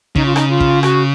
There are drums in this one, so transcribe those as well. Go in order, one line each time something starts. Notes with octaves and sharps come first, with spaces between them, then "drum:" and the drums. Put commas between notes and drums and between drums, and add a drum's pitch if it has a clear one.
C#3 D#4, drum: kick
F4
D#4, drum: rim click
F4
drum: kick
F#4, drum: rim click